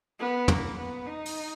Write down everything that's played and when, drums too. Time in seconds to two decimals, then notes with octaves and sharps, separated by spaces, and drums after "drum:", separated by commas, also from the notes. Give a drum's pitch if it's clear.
0.19 B3
0.48 A#3, drum: tom
0.77 B3
1.05 D#4
1.26 drum: open hi-hat